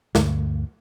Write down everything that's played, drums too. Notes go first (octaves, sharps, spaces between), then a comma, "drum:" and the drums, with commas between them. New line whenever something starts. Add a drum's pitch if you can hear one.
D2 G2 D3 A3, drum: snare